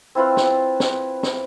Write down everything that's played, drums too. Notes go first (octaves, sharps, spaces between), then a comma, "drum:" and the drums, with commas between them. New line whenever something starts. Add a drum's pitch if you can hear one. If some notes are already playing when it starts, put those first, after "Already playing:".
C4 E4 F4 B4
drum: snare
drum: snare
drum: snare